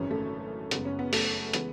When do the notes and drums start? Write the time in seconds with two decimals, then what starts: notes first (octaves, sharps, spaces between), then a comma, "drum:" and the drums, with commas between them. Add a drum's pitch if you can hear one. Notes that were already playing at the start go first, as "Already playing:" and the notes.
Already playing: G#1 F#2 C#3 E3 C#4
0.11 A3
0.71 F#1 F#2 C#3 G#3 B3, drum: hi-hat
0.85 C#4
0.99 B3
1.13 A3, drum: open hi-hat
1.53 C#3 E3 G#3 B3, drum: hi-hat